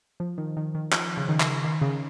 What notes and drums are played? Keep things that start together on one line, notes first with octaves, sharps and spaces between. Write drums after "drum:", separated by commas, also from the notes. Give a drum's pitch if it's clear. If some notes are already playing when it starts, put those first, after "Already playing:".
F3
D#3
D#3
D#3
F3, drum: clap
C#3
D#3
drum: clap
D#3
C#3